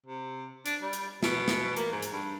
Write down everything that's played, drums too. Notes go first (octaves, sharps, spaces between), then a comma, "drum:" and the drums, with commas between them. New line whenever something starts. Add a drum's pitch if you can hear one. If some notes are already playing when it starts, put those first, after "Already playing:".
C3
D4, drum: hi-hat
G3
drum: hi-hat
B2, drum: snare
drum: snare
A#3, drum: hi-hat
G#2
drum: hi-hat
G2